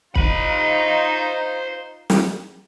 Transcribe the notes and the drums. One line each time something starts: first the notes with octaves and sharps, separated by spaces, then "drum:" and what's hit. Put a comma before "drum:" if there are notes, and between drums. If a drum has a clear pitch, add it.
D#4 F4 C5 B5, drum: kick
drum: snare